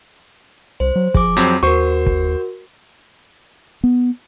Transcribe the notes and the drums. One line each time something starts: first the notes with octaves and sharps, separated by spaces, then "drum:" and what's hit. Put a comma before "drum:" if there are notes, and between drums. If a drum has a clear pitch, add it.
C2 C5
F#3
F3 G#4 D6, drum: kick
F2 F#3 C4, drum: hi-hat
D#2 F#4 A#4 C5 C#6
drum: kick
B3